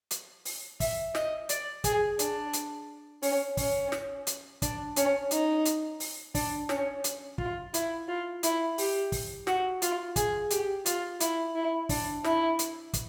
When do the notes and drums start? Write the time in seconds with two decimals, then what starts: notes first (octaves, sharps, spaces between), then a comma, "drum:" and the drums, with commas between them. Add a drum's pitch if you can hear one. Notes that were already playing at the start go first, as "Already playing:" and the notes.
0.11 drum: hi-hat
0.45 drum: open hi-hat
0.80 E5, drum: kick, open hi-hat
1.15 D#5, drum: snare
1.49 D5, drum: hi-hat
1.84 G#4, drum: kick, hi-hat
2.19 D4, drum: hi-hat
2.53 drum: hi-hat
3.22 C#4, drum: open hi-hat
3.57 C#4, drum: kick, open hi-hat
3.92 drum: snare
4.27 drum: hi-hat
4.62 D4, drum: kick, hi-hat
4.96 C#4, drum: hi-hat
5.31 D#4, drum: hi-hat
5.65 drum: hi-hat
6.00 drum: open hi-hat
6.35 D4, drum: kick, open hi-hat
6.69 C#4, drum: snare
7.04 drum: hi-hat
7.38 F4, drum: kick
7.74 E4, drum: hi-hat
8.08 F4
8.43 E4, drum: hi-hat
8.78 G4, drum: open hi-hat
9.12 drum: kick, open hi-hat
9.47 F#4, drum: snare
9.82 F4, drum: hi-hat
10.16 G#4, drum: kick, hi-hat
10.50 G4, drum: hi-hat
10.86 F4, drum: hi-hat
11.20 E4, drum: hi-hat
11.55 E4
11.89 D4, drum: kick, open hi-hat
12.24 E4, drum: snare
12.59 drum: hi-hat
12.93 drum: kick, hi-hat